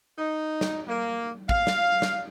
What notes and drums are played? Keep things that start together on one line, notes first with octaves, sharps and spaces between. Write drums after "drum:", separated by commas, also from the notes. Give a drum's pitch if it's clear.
D#4
drum: snare
A#3
F5, drum: kick
drum: snare
drum: snare